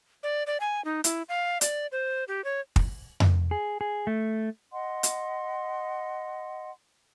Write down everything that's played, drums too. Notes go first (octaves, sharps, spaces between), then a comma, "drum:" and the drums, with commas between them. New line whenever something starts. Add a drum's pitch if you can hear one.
D5
D5
G#5
D#4
E4, drum: hi-hat
F5
D5, drum: hi-hat
C5
G4
C#5
drum: kick
drum: tom F2
G#4
G#4
A3
D#5 F#5 C6
drum: hi-hat